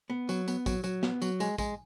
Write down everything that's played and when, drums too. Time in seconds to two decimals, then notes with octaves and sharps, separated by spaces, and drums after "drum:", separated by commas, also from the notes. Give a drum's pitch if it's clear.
0.10 B3
0.29 F#3, drum: tambourine
0.48 B3, drum: tambourine
0.66 F#3, drum: kick, tambourine
0.84 F#3, drum: tambourine
1.03 B3, drum: snare
1.22 F#3, drum: tambourine
1.40 G#3, drum: tambourine
1.58 G#3, drum: kick, tambourine